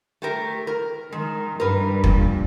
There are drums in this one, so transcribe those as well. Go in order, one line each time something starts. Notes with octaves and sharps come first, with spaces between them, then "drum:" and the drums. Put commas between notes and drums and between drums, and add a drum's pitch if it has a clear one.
A3 G4 A#4
A#4
D#3 G#3
G2 A#4 B4
A#2, drum: kick